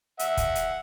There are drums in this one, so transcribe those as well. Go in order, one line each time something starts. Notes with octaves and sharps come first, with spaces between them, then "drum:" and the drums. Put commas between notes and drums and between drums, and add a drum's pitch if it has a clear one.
E5 F#5, drum: hi-hat
drum: kick, hi-hat
drum: hi-hat